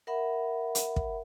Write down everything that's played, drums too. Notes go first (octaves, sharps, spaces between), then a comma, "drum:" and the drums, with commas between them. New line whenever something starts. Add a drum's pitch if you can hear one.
A#4 E5 F#5 B5
drum: hi-hat
drum: kick